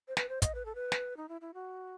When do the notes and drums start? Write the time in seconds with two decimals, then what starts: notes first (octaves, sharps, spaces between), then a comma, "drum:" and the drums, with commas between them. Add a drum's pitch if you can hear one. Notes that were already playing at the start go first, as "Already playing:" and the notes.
0.08 C5
0.17 B4, drum: snare
0.29 C5
0.42 D#5, drum: kick, hi-hat
0.55 B4
0.65 A4
0.75 B4
0.92 drum: snare
1.17 D#4
1.29 E4
1.41 E4
1.54 F#4